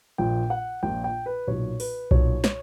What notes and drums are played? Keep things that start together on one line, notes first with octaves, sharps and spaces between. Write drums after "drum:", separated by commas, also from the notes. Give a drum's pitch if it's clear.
A#1 A#2 G5
F#5
A#1 A#2 G5
G5
B4
B1 A#2 C#5
B4, drum: open hi-hat
B1 A#2 C#5, drum: kick B1
C#5, drum: snare